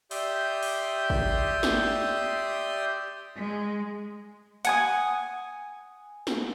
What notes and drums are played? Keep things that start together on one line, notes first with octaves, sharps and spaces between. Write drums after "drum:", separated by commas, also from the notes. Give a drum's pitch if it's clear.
G4 D5 E5 C6 D#6 G6, drum: open hi-hat
drum: open hi-hat
drum: kick
drum: snare
G#3
F#5 G#5 D#6, drum: hi-hat
drum: snare